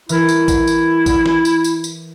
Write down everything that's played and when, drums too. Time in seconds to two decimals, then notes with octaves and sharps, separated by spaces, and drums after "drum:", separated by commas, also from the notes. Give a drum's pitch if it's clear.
0.09 E3 E4 A#4, drum: tambourine
0.29 drum: tambourine
0.48 drum: kick A#1, tambourine
0.67 drum: tambourine
1.06 drum: kick A#1, tambourine
1.26 drum: snare
1.45 drum: tambourine
1.64 drum: tambourine
1.84 drum: tambourine